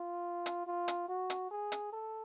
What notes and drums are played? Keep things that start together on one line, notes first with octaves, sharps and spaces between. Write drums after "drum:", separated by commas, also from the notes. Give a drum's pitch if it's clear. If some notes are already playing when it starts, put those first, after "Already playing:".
Already playing: F4
drum: hi-hat
F4
drum: hi-hat
F#4
drum: hi-hat
G#4
drum: hi-hat
A4